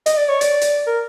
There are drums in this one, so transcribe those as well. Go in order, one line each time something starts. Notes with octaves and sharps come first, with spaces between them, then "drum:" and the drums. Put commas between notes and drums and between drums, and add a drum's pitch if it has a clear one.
D#5, drum: hi-hat
D5
C#5
D5, drum: hi-hat
drum: hi-hat
A#4